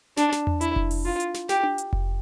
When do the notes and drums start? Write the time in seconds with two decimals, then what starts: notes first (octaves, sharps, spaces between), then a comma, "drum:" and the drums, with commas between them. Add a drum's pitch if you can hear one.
0.17 D4, drum: snare
0.32 drum: snare
0.47 drum: tom E2
0.61 E4, drum: hi-hat
0.76 drum: kick F1
0.91 drum: open hi-hat
1.05 F4
1.20 drum: hi-hat
1.34 drum: snare
1.49 G4, drum: snare
1.63 drum: tom D4
1.78 drum: hi-hat
1.93 drum: kick F1